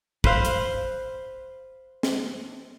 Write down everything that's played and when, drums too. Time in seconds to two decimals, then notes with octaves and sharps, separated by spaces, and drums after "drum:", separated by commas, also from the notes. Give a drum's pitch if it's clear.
0.24 B4 C5 F5, drum: kick
0.45 drum: hi-hat
2.03 drum: snare